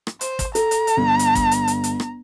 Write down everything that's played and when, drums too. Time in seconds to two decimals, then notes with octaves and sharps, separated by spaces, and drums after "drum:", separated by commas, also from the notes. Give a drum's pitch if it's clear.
0.07 drum: rim click
0.21 C5, drum: hi-hat
0.39 drum: kick, hi-hat
0.55 A4 A#5, drum: hi-hat
0.71 drum: hi-hat
0.87 drum: hi-hat
0.97 G1
1.19 drum: hi-hat
1.35 drum: kick, hi-hat
1.51 drum: hi-hat
1.67 drum: hi-hat
1.84 drum: hi-hat
2.00 drum: rim click